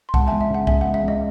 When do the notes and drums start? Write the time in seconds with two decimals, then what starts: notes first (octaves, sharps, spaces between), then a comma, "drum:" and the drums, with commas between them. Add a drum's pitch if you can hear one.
0.09 C6
0.14 C#2 F#5 A5, drum: kick C2
0.27 E5 G#5
0.32 C#2
0.41 E5
0.50 C#3 F#5
0.67 G#3 E5 G#5, drum: kick C2
0.81 F#5
0.85 C#2
0.94 E5
1.03 C#2
1.08 D#5